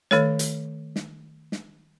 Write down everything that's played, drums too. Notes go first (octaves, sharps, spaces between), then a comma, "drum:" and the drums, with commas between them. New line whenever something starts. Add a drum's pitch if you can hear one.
D#3 A3 A4 C#5, drum: snare
drum: hi-hat
drum: snare
drum: snare